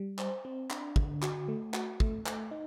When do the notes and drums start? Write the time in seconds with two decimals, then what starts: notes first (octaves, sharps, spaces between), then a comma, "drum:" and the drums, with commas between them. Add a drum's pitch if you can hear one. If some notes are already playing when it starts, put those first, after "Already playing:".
Already playing: G3
0.19 C5, drum: clap
0.45 C4
0.70 D4, drum: clap
0.96 D3, drum: kick
1.22 F#4, drum: clap
1.48 A3
1.74 F#4, drum: clap
2.00 A3, drum: kick
2.26 A3, drum: clap
2.51 D#4